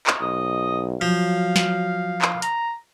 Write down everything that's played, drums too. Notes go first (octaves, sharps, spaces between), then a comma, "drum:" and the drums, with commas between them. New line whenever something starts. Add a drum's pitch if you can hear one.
drum: clap
B1 D#5
F3 F#3 F5
drum: snare
drum: clap
A#5, drum: hi-hat